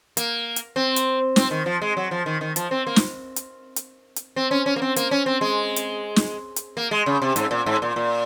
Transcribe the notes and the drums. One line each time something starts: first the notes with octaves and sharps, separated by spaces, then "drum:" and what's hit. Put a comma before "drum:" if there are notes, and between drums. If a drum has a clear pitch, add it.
A#3, drum: hi-hat
drum: hi-hat
C4
drum: hi-hat
C4, drum: snare
D#3
F3
G#3
F#3
F3
D#3
D#3
F3, drum: hi-hat
C4
A#3
drum: snare
drum: hi-hat
drum: hi-hat
drum: hi-hat
C4
C#4
C#4
A#3
C4
A#3, drum: hi-hat
C#4
C4
G#3
drum: hi-hat
drum: snare
drum: hi-hat
A#3
G#3
C#3
C3
G#2, drum: hi-hat
A#2
G#2
A#2
A#2